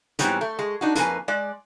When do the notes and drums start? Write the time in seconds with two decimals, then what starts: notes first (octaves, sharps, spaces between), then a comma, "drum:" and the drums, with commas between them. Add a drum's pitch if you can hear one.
0.19 G#2 E3 F#3 G3 B3 C4, drum: hi-hat
0.41 A3
0.59 G#3
0.81 D4 D#4 F#4
0.95 F2 A#3 B4 G#5, drum: hi-hat
1.28 G#3 D5